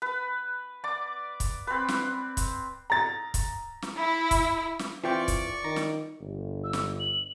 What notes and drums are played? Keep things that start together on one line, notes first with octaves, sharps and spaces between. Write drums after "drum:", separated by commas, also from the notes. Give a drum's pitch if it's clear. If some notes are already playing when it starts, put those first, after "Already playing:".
B4
D5 D6
drum: kick, hi-hat
C4 B4
drum: snare
drum: kick, hi-hat
A#5 A6
drum: kick, hi-hat
drum: snare
E4
drum: kick, hi-hat
drum: snare
E3 C4 F4 D5 G5 C#6 D6
drum: kick, hi-hat
D#3 A#5
drum: snare
G1
E6
drum: snare
F#7